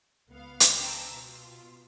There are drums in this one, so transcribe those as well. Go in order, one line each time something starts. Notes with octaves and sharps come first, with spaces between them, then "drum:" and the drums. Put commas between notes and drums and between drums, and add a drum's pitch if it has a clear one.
C#2 B3 F5
drum: hi-hat
G5 A5 A#5 E6
B2 F4